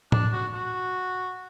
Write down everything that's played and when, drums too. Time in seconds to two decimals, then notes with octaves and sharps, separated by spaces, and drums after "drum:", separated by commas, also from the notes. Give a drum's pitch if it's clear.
0.12 D4, drum: tom A2
0.33 F#4
0.55 F#4